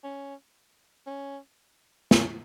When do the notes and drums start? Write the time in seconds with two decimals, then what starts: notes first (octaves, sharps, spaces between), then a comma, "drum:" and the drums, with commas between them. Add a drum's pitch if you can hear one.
0.03 C#4
1.07 C#4
2.11 C#4, drum: snare